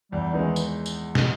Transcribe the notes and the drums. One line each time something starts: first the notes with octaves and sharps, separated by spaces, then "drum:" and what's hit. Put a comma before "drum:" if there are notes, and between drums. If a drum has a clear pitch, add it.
E2 G3
D#3 E3 G#3 D#4
drum: tambourine
drum: tambourine
drum: snare